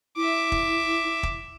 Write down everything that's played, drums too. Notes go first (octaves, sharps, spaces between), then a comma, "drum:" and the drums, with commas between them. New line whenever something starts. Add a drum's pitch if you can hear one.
E4 E5 D6
drum: kick
drum: kick